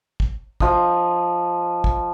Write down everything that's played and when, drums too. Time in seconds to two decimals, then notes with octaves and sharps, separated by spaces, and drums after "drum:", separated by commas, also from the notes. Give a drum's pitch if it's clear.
0.20 drum: kick
0.60 F3 D#5, drum: kick
1.84 drum: kick